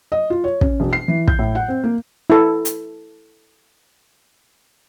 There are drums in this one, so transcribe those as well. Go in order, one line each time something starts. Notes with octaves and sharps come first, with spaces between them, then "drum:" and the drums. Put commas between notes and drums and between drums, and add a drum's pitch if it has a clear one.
D#5
F4
C#5
C#4, drum: kick
E1
C7
E3
G6, drum: kick
A2
F#5
C4
A#3
E4 A4
drum: hi-hat